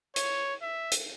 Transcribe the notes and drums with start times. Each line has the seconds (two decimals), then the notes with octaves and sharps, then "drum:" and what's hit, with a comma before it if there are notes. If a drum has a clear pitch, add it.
0.16 C#5, drum: hi-hat
0.62 E5
0.92 drum: hi-hat